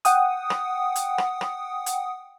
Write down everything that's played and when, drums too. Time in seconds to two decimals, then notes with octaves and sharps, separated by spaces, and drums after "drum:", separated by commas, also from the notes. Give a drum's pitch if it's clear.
0.05 F#5 G5 D#6, drum: hi-hat
0.50 drum: rim click
0.96 drum: hi-hat
1.18 drum: rim click
1.41 drum: rim click
1.86 drum: hi-hat